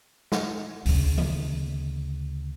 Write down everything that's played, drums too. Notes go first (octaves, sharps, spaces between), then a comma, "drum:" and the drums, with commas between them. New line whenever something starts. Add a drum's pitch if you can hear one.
drum: snare
D2 C#3, drum: open hi-hat
drum: tom D#3